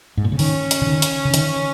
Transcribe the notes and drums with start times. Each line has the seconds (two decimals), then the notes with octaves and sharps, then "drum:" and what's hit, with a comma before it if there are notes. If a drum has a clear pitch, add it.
0.17 G#2
0.24 A#2
0.32 C#3
0.39 D#3 C#4, drum: open hi-hat
0.71 drum: hi-hat
0.82 C#3
0.87 D#3
1.02 drum: hi-hat
1.25 C#3
1.34 D#3, drum: hi-hat